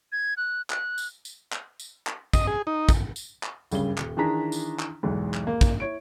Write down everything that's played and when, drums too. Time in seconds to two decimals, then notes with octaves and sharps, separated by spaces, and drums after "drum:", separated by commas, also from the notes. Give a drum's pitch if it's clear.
0.12 G#6
0.37 F#6
0.70 F#6, drum: clap
0.98 drum: tambourine
1.25 drum: tambourine
1.52 drum: clap
1.80 drum: tambourine
2.07 drum: clap
2.33 D#5, drum: kick, tambourine
2.47 G#4
2.67 D#4
2.89 drum: kick, tambourine
3.16 drum: tambourine
3.43 drum: clap
3.71 F#1 G2 C#3 G7, drum: tambourine
3.98 D#1, drum: clap
4.17 D#3 E3 D4 G#4 A#5 B6
4.52 drum: tambourine
4.79 drum: clap
5.03 B1 E2 G#2
5.34 drum: clap
5.47 A#3
5.61 drum: kick, tambourine
5.80 E4 C#5 D7